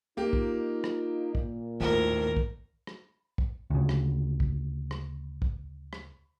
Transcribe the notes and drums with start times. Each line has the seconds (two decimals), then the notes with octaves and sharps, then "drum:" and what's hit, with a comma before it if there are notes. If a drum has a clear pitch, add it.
0.17 A#3 D#4 F4 G4
0.33 drum: kick
0.84 drum: rim click
1.35 A#2, drum: kick
1.80 G#1 D#2 A2 F3 A#4
2.36 drum: kick
2.87 drum: rim click
3.38 drum: kick
3.70 D2 C#3
3.89 drum: rim click
4.40 drum: kick
4.91 drum: rim click
5.42 drum: kick
5.93 drum: rim click